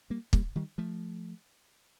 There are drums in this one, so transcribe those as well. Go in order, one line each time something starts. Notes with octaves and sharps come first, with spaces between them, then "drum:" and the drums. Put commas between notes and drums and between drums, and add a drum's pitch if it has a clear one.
G3 A#3
G3 A#3, drum: kick
D#3 G3
F3 A3